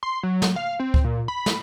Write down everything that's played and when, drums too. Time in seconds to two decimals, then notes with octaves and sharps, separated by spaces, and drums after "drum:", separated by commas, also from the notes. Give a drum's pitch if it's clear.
0.03 C6
0.23 F#3
0.42 drum: snare
0.56 F5
0.80 C4
0.94 drum: kick C#2
1.04 A#2
1.28 B5
1.46 drum: snare